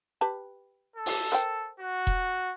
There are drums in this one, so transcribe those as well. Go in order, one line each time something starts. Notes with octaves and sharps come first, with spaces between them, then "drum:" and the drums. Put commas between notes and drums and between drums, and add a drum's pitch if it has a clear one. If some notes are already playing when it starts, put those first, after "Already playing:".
G4 B4 A5
A4
drum: open hi-hat
A#4 C5 G5
F#4
drum: kick E1